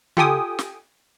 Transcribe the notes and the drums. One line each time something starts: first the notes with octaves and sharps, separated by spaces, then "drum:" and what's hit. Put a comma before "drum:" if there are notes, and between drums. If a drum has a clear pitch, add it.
F4 G4 A4 G5 G#5 D#6, drum: tom C#3
drum: snare